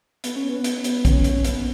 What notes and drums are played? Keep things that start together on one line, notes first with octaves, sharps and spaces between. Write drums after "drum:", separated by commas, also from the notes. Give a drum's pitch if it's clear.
B3, drum: hi-hat
C#4
B3
drum: hi-hat
drum: hi-hat
C#4, drum: kick A#1, hi-hat
drum: hi-hat
B3, drum: hi-hat